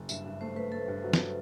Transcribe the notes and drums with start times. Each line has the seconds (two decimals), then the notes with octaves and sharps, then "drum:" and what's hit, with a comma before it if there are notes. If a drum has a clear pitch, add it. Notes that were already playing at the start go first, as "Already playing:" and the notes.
Already playing: F#1
0.09 G2 E5, drum: tambourine
0.24 G2
0.41 A3 C5
0.56 A3 B4
0.72 A3 A4
0.88 G2
1.04 F#3
1.13 drum: snare